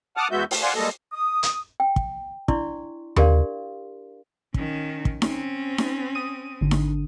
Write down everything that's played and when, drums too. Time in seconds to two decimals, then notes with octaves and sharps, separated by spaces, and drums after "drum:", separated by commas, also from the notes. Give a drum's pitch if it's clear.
0.17 F#5 A5 D6 D#6 F6
0.31 E2 G#3 B3 F#4 E5 G6
0.51 A3, drum: open hi-hat
0.62 D5 F5 F#5 G#5 C6
0.76 G3 G#3 A#3 A4 D#5
1.13 D#6
1.43 drum: hi-hat
1.80 G5
1.96 drum: kick
2.48 D4 E4 D5 C6 C#6, drum: kick
3.16 D4 G4 A#4 D5 F5 C6, drum: tom D#2
4.54 D#3 C#4, drum: kick
5.05 drum: kick
5.22 C4 C#4, drum: snare D#4
5.78 drum: snare D#4
6.15 D#6 D#7
6.61 G#1 D3
6.71 drum: snare D#4